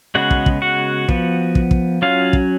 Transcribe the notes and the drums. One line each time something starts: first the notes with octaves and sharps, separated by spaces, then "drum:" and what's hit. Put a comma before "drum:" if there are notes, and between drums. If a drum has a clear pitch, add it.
C#3 G#3 B3 F#4 F#5
drum: kick
drum: kick
F#4 F#5
F3 B3, drum: kick
drum: kick
drum: kick
F#3 C#4 F4 F5
drum: kick